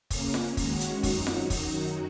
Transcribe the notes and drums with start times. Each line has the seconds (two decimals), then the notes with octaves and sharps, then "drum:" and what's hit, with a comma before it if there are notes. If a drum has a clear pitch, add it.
0.10 C#3 A#3 C#4, drum: kick, open hi-hat
0.34 drum: snare F4
0.57 D#3 G#3 C#4 F#4, drum: kick, open hi-hat
0.80 drum: hi-hat
1.03 F#2 F#3 D#4 F#4, drum: kick, open hi-hat
1.27 drum: snare F4
1.50 F#2 D#3 F#3 D#4 F#4, drum: kick, open hi-hat